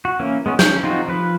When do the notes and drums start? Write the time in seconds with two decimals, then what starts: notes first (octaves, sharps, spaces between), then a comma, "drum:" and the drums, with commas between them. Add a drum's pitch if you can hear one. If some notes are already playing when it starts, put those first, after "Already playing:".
0.05 F#4
0.19 E3 A#3 C#4
0.46 G#3 B3 C#4
0.59 C#4 G6, drum: snare
0.83 C4 D#4 F4 F#4
1.08 F3 B4